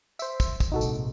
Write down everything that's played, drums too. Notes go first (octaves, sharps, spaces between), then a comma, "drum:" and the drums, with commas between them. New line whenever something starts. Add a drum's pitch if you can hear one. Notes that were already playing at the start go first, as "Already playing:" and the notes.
C5 E5, drum: tambourine
drum: kick, tambourine
drum: kick, tambourine
A#1 G#2 C3 D#4 F#4 A4
drum: tambourine